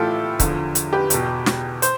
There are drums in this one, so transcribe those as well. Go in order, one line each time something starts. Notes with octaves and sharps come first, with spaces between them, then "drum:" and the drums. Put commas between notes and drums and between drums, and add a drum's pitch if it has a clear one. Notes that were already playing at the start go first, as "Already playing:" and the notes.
Already playing: A2 E3 E4 F4 G4 A4
E2 D3 F3, drum: kick C#1, hi-hat
drum: hi-hat
G4 B4
E2 B2, drum: hi-hat
drum: snare
C5, drum: hi-hat